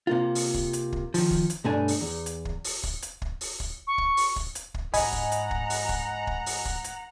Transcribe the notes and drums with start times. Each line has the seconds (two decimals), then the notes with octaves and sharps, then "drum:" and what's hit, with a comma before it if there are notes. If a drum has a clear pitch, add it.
0.07 C3 A#3 F4
0.35 drum: open hi-hat
0.54 drum: kick
0.73 drum: hi-hat
0.92 drum: kick
1.14 D#3 F3, drum: open hi-hat
1.31 drum: kick
1.50 drum: hi-hat
1.64 B1 G2 A3 D4 G#5
1.88 drum: open hi-hat
2.01 E2
2.26 drum: hi-hat
2.45 drum: kick
2.64 drum: open hi-hat
2.83 drum: kick
3.03 drum: hi-hat
3.22 drum: kick
3.41 drum: open hi-hat
3.60 drum: kick
3.87 C#6
3.98 drum: kick
4.17 drum: open hi-hat
4.36 drum: kick
4.55 drum: hi-hat
4.74 drum: kick
4.93 G#2 D#5 F#5 G#5 A#5 B5, drum: open hi-hat
5.13 drum: kick
5.32 drum: hi-hat
5.51 drum: kick
5.70 drum: open hi-hat
5.89 drum: kick
6.27 drum: kick
6.46 drum: open hi-hat
6.65 drum: kick
6.84 drum: hi-hat